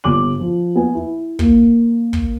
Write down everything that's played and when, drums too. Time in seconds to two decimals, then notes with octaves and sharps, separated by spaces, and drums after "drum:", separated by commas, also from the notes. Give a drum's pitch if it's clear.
0.04 G1 D6 F#7
0.40 F3
0.76 B3 G#5
0.95 E4
1.39 A#3, drum: kick
2.13 drum: kick